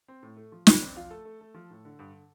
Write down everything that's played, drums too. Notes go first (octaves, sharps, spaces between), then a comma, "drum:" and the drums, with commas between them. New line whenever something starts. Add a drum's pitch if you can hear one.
C4
A2
A3
F3
A3 C4 C5, drum: snare
C4 D4 D5
F3 F4 F5
A3 A4
A3
A3
F3
A2
D3
G2